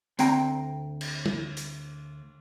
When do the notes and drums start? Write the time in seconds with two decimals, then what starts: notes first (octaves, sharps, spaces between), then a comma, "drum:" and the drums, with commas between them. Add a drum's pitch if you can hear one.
0.19 D2 C4 G5 A#5, drum: hi-hat
1.01 drum: cymbal
1.26 drum: tom
1.57 drum: hi-hat